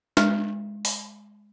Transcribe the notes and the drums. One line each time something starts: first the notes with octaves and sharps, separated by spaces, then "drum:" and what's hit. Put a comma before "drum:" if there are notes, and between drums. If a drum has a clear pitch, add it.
G#3, drum: snare
drum: open hi-hat